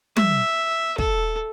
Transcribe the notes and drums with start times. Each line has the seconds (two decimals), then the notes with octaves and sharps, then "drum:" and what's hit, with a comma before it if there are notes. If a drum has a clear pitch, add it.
0.17 E5, drum: tom
0.98 A4, drum: kick